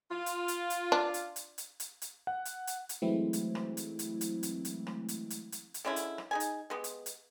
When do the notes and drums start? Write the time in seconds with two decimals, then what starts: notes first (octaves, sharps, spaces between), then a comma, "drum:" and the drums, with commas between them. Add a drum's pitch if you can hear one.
0.11 F4
0.26 drum: hi-hat
0.48 drum: hi-hat
0.70 drum: hi-hat
0.92 D4, drum: rim click
1.14 drum: hi-hat
1.36 drum: hi-hat
1.58 drum: hi-hat
1.80 drum: hi-hat
2.02 drum: hi-hat
2.27 F#5
2.45 drum: hi-hat
2.67 drum: hi-hat
2.89 drum: hi-hat
3.02 E3 F#3 G#3 A3 C4 E4
3.33 drum: hi-hat
3.55 drum: rim click
3.77 drum: hi-hat
3.99 drum: hi-hat
4.21 drum: hi-hat
4.43 drum: hi-hat
4.65 drum: hi-hat
4.87 drum: rim click
5.09 drum: hi-hat
5.30 drum: hi-hat
5.52 drum: hi-hat
5.74 drum: hi-hat
5.85 D3 G#3 C#4 E4
5.96 drum: hi-hat
6.18 drum: rim click
6.31 D#4 G#4 G#5
6.40 drum: hi-hat
6.70 G#3 B3 G4
6.84 drum: hi-hat
7.06 drum: hi-hat